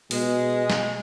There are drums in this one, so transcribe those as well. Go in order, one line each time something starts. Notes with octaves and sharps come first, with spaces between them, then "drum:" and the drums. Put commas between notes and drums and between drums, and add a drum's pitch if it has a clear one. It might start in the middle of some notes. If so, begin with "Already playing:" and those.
B2 G#3, drum: open hi-hat
drum: snare